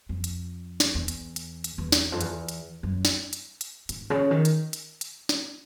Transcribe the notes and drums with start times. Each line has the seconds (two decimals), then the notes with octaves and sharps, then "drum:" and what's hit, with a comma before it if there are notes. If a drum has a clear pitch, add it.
0.09 F2
0.24 drum: hi-hat
0.80 drum: snare
0.95 E2
1.08 drum: hi-hat
1.36 drum: hi-hat
1.64 drum: hi-hat
1.78 E2
1.92 drum: snare
2.12 F2
2.21 E2, drum: hi-hat
2.49 drum: hi-hat
2.83 F#2
3.05 drum: snare
3.33 drum: hi-hat
3.61 drum: hi-hat
3.89 G#2, drum: hi-hat
4.10 C#3
4.31 D#3
4.45 drum: hi-hat
4.73 drum: hi-hat
5.01 drum: hi-hat
5.29 drum: snare